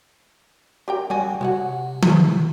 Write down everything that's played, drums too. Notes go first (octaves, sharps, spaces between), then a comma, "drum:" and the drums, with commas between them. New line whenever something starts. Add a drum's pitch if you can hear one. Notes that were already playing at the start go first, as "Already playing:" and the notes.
G4 A#4 G5
C#3 G3 F#4 G#5
C3 F#4 C#5 F#5
drum: tom D#3